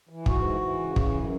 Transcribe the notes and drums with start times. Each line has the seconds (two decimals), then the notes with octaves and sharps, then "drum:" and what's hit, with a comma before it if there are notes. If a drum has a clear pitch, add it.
0.09 E3
0.26 G#2 F#4, drum: kick
0.43 E3
0.61 E3
0.79 C#3
0.96 E3, drum: kick
1.13 F#2